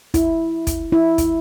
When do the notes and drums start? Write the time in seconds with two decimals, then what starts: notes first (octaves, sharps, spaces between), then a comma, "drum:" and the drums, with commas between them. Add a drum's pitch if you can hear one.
0.14 E4, drum: kick, hi-hat
0.67 drum: kick, hi-hat
0.92 E4
1.18 drum: kick, hi-hat